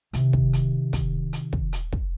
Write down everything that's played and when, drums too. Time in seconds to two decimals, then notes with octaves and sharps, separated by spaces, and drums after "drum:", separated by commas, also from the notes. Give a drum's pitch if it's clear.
0.13 C3 D#3, drum: hi-hat
0.33 drum: kick
0.53 drum: hi-hat
0.93 drum: kick, hi-hat
1.33 drum: hi-hat
1.53 drum: kick
1.73 drum: hi-hat
1.92 drum: kick